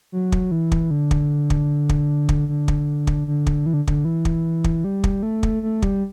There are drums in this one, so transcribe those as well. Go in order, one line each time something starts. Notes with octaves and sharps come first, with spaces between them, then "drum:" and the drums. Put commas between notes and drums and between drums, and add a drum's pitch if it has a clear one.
F#3
drum: kick
E3
drum: kick
D3
drum: kick
drum: kick
drum: kick
drum: kick
D3
drum: kick
drum: kick
D3
drum: kick
E3
D3
D3, drum: kick
E3
drum: kick
drum: kick
G3
drum: kick
A3
drum: kick
A3
G3, drum: kick